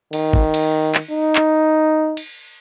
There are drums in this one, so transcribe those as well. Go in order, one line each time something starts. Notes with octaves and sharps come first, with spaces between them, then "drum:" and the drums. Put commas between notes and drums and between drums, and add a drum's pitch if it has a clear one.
D#3, drum: cymbal
drum: kick
drum: cymbal
drum: clap
D#4
drum: clap
drum: cymbal